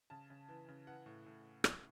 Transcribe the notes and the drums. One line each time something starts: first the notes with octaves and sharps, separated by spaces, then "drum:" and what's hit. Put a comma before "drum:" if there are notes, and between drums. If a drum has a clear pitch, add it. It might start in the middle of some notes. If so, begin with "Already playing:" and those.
C#3 A5
C#3
E3
C#3
E3 F#5
A2
A2
drum: rim click